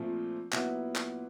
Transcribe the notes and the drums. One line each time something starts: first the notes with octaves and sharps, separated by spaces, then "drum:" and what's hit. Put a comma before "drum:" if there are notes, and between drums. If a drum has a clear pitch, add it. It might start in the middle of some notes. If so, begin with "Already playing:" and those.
Already playing: A#2 F3 A3 C4
A#2 F#3 B3 E4, drum: clap
drum: clap